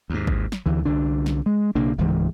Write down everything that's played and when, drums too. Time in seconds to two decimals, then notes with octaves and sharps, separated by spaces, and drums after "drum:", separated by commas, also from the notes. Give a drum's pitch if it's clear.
0.10 D#2 G#2
0.27 drum: kick G#1
0.52 drum: snare
0.66 D2 E3
0.85 C2 D3 D4
1.26 drum: snare
1.46 G#3
1.75 B1 C#3 A#3 D4
1.98 D1 C#2 G#2 E3